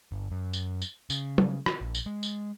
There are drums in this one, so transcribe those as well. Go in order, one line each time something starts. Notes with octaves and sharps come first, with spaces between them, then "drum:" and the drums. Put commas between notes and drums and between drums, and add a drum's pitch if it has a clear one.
G1
F#2
drum: tambourine
drum: tambourine
C#3, drum: tambourine
drum: tom
drum: rim click
A#1
drum: tambourine
G#3
drum: tambourine